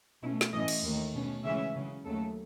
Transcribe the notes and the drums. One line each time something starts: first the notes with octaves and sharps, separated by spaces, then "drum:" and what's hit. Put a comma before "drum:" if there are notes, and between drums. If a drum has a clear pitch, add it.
B2 A3 C#4 E4
drum: snare
A2 E3 A3 C#4 D#5
drum: cymbal
D#2 D#3 A3
B2 A3 C#4
C#3 E3 G#3 C#4 E5
C#3 F#3 C#4
D#2 C#3 F#3 A3 A4